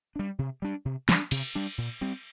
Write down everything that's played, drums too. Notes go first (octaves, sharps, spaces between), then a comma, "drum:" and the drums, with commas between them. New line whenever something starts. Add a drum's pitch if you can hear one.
G3 D4
C3
G3 D4
C3
G3 D4, drum: snare
C3, drum: cymbal
G3 D4
A#2
G3 C4